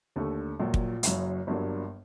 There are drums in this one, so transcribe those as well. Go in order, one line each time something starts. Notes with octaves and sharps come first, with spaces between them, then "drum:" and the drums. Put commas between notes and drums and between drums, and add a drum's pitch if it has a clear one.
D#2 D3 A3
A#1 A#2 F#3
drum: kick
F#1 F#2 F#3, drum: hi-hat
G1 G2 F#3 A#3 D4